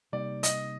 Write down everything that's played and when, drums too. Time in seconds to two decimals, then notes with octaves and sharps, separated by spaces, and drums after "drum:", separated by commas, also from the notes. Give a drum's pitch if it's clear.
0.12 C3 G3 A#3 D#4 G4 D5
0.43 D#5, drum: hi-hat